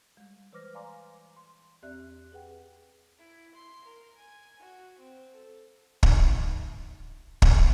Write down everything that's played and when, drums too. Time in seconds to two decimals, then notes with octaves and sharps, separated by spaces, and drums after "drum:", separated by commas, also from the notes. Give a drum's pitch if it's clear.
0.17 G3 G#3
0.53 E3 B4 C5 D6 F6 A#6
0.74 D5 F5 G#5 A#5 C6 D6
1.36 C6
1.83 E2 C4 G4 D5 E5 F#6
2.32 G#4 B4 F#5 G5
3.18 E4
3.55 C6
3.84 A#4
4.16 G#5
4.60 F#4
4.98 C4
5.33 A4
6.03 F3 D4 D#4, drum: kick
7.42 drum: kick